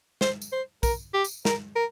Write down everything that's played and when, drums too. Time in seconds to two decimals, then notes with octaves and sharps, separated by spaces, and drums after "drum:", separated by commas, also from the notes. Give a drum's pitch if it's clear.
0.21 C5, drum: snare
0.42 drum: tambourine
0.52 C5
0.83 A#4, drum: kick, tambourine
1.14 G4
1.24 drum: tambourine
1.45 A#4, drum: snare
1.76 A#4